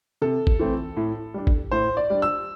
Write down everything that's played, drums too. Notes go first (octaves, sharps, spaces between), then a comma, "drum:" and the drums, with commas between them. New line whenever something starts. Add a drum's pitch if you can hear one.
C3 A4
drum: kick G#1
E3 A3 C4
A2
G3 D4
drum: kick G#1
A2 C5
D5
G3 D4
E6